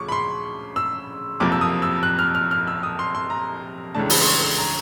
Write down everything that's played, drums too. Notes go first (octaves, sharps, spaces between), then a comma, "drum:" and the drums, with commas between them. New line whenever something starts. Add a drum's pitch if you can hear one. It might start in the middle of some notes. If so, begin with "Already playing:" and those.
Already playing: D2 C#3 F3 C#6 D6
B5
C6
E6
F#1 F2 C3 F3 A#3 D6
E6
D#6
E6
F#6
F6
F6
F6
E6
D#6
C6
C6
A#5
C#2 C#3 E3 A3 D4 A5
B5, drum: open hi-hat
C6
C#6
C6
A#5